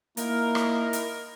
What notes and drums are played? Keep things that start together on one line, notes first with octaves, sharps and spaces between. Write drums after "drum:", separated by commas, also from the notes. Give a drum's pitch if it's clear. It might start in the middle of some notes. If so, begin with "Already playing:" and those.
A#3 D#4 E4 A#4, drum: hi-hat
drum: rim click
drum: hi-hat